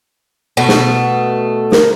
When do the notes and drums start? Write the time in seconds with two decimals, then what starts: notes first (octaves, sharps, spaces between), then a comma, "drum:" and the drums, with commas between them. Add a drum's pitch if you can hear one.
0.57 B2 A3
0.68 drum: snare
1.72 A#4, drum: snare